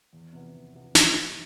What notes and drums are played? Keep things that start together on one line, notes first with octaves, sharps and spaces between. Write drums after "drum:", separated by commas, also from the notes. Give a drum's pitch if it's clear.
E2
C3 F3 B3
E2
C3 F3 B3
F2, drum: snare
E3 G3